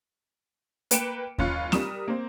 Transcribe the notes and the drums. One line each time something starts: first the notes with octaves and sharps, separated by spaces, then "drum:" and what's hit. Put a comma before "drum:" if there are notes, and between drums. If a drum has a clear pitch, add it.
A#3 B4 G5 C#7 D7 E7, drum: hi-hat
F#1 C#4 F4 F#6 C#7, drum: kick D#2
G3 A#4 D#6 E7, drum: snare
A#3 C4